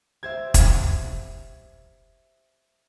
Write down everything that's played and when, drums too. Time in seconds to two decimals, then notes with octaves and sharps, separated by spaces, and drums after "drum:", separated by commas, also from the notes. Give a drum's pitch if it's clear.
0.23 G4 C5 E5 G#6
0.54 drum: kick, hi-hat